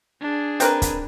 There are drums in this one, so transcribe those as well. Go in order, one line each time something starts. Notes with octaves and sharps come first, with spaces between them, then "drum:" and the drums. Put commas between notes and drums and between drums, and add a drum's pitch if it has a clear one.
D4 G#4
C4 A#4 B4, drum: hi-hat
drum: kick, hi-hat